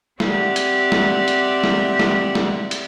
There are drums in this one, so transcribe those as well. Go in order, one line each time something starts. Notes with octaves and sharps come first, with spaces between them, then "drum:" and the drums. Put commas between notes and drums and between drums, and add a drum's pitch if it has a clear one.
C4 G4 D5 E5 F#5, drum: snare
drum: hi-hat
drum: snare
drum: hi-hat
drum: snare
drum: snare
drum: snare
drum: hi-hat